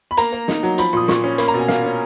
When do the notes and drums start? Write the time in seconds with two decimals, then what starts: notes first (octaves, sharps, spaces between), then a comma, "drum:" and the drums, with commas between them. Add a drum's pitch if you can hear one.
0.11 B5
0.17 A#3 A#5, drum: hi-hat
0.33 A#3
0.48 D#4, drum: snare
0.63 F#3
0.78 F3 B5, drum: hi-hat
0.93 A#2 D#6
1.08 A#2 C#6, drum: snare
1.24 C#4
1.38 A#3 B5, drum: hi-hat
1.48 A#5
1.54 B2 G#5
1.68 A#3 F5, drum: snare
1.84 C#4